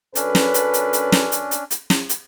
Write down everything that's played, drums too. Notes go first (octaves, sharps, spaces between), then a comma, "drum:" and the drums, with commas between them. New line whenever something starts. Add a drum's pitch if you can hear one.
F#2 C#4 D4 A4 B4, drum: hi-hat
drum: snare
drum: hi-hat
drum: hi-hat
drum: hi-hat
drum: snare
drum: hi-hat
drum: hi-hat
drum: hi-hat
drum: snare
drum: hi-hat